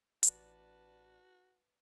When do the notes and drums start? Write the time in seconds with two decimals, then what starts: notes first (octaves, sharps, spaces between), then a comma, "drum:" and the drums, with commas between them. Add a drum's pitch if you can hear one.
0.23 A1 F#4 B4 D5 A5, drum: hi-hat